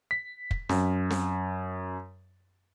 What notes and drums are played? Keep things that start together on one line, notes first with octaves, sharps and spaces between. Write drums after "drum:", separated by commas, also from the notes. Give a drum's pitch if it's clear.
B6
drum: kick
F#2, drum: snare C4
drum: snare C4